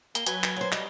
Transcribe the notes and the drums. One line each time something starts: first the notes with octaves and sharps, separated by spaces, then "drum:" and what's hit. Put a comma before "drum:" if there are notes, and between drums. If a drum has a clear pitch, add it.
A#3 G7, drum: hi-hat
F#3 B4 G#5, drum: hi-hat
drum: clap
F#2 C5
G3 D#5, drum: clap